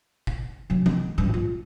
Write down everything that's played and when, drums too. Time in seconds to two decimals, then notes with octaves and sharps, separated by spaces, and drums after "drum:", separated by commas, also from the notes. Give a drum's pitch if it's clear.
0.27 drum: kick
0.70 D3 F#3
0.86 D#3, drum: tom
1.18 A1 G2
1.34 F4